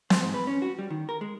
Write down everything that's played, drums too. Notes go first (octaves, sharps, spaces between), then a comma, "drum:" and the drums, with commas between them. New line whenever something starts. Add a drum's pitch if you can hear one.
C5, drum: snare
G#2
B4
C#4
F#4
G3
D#3
A#4
G#3